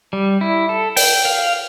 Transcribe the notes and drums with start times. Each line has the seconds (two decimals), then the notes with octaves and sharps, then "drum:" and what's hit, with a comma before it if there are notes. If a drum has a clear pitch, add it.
0.13 G3
0.41 E4
0.69 A4
0.96 G5, drum: open hi-hat
1.25 F5